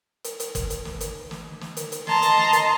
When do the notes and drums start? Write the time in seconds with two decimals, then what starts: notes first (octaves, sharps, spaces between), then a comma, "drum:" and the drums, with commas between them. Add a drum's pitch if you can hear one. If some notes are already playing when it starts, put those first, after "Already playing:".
0.24 drum: hi-hat
0.40 drum: hi-hat
0.55 drum: kick, hi-hat
0.70 drum: hi-hat
0.85 drum: snare
1.00 drum: hi-hat
1.31 drum: snare
1.61 drum: snare
1.77 drum: hi-hat
1.92 drum: hi-hat
2.07 D#5 A5 A#5 C6, drum: snare
2.22 drum: hi-hat
2.37 drum: snare
2.53 drum: hi-hat